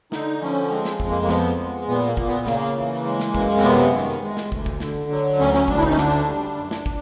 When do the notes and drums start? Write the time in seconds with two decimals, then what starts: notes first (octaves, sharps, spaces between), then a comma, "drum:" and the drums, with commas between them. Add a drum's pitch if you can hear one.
0.12 D3 D#4, drum: snare
0.41 F3 C#4
0.70 G#3 C4
0.85 drum: snare
1.00 F2, drum: kick
1.10 A#3
1.23 A#3
1.29 F3 B3, drum: snare
1.58 G#3
1.88 A#2 B3
2.07 A#3
2.17 A#2, drum: kick
2.27 B3
2.47 C#3 A#3, drum: snare
2.76 E3
3.05 G#3
3.20 drum: snare
3.35 F#2, drum: kick
3.58 C4
3.64 C3 B3, drum: snare
3.92 D#3
4.23 G#3
4.37 drum: snare
4.52 D2, drum: kick
4.66 drum: kick
4.80 D3, drum: snare
5.10 F#3
5.39 D2 C#4
5.54 C#4, drum: snare
5.68 D2 D4, drum: kick
5.77 E4
5.83 D#4, drum: kick
5.90 C#4
5.98 D3 D4, drum: snare
6.27 G3
6.57 F#2
6.71 drum: snare
6.86 drum: kick